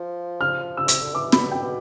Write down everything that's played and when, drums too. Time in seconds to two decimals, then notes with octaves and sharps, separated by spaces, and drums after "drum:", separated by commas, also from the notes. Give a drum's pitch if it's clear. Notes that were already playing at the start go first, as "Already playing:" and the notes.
Already playing: F3
0.41 F6
0.77 E6
0.88 C3, drum: hi-hat
1.01 D3
1.14 E3 D6
1.32 B5, drum: snare
1.39 B2
1.51 G5
1.63 B2